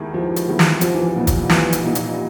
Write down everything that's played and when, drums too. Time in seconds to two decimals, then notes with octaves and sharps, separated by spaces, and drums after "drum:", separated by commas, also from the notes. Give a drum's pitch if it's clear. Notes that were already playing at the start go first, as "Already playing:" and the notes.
Already playing: D#2 D#3 G#3 B3 E4
0.13 D#2 F3
0.36 drum: hi-hat
0.48 D#3 G#3 B3 E4
0.59 drum: snare
0.81 C2 F3, drum: hi-hat
0.95 E3
1.08 F3
1.16 A#2 G3 B3 D#4
1.27 drum: kick, hi-hat
1.50 C2 E3, drum: snare
1.73 drum: hi-hat
1.84 A#2 G3 B3 D#4
1.95 drum: hi-hat